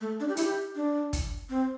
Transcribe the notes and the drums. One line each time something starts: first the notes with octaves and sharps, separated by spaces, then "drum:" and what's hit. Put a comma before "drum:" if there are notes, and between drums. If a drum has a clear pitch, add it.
A3
D4
G4
E4, drum: hi-hat
G4
D4
drum: kick, hi-hat
C4